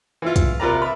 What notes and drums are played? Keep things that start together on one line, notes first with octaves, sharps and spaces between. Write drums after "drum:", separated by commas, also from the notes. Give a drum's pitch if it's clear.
E3 E4 F4
drum: kick, hi-hat
C3 F4 A#4 B4 D5 A#5
E5 B5